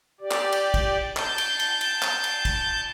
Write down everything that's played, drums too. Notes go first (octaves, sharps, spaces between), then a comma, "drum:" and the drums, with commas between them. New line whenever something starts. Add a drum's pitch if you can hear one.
G4 D5
drum: clap
drum: cymbal
drum: kick, cymbal
A5 G6, drum: clap
drum: cymbal
drum: cymbal
drum: cymbal
drum: clap
drum: cymbal
drum: kick, cymbal